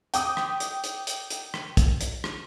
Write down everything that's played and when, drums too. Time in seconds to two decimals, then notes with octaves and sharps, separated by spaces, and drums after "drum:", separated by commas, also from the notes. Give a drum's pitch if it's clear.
0.14 G5 D6 D#6, drum: hi-hat
0.37 drum: rim click
0.60 drum: hi-hat
0.84 drum: hi-hat
1.07 drum: hi-hat
1.30 drum: hi-hat
1.54 drum: rim click
1.77 drum: kick, hi-hat
2.01 drum: hi-hat
2.24 drum: rim click